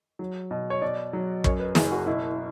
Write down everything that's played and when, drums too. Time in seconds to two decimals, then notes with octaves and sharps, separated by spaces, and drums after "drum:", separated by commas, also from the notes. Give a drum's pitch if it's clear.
0.19 F#3
0.51 B2
0.70 C#5
0.82 B2 D5
1.13 F#3
1.44 F#2 C#5, drum: kick
1.60 B4
1.75 F#1 G#4, drum: snare
1.92 F#4
2.06 B2 E4